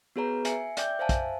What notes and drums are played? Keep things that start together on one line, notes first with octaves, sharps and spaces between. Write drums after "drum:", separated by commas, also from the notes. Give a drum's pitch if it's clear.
B3 F#4 G#4 B4 C#5 A#5
E5 G#5 C7 C#7, drum: hi-hat
D5 E5 G5 D6 G6, drum: hi-hat
C5 E5 F5 G#5 A5
drum: kick, hi-hat